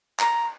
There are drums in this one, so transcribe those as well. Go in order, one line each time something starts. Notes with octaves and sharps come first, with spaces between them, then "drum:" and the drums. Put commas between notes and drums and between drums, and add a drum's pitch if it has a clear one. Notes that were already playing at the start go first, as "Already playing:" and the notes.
A#5, drum: clap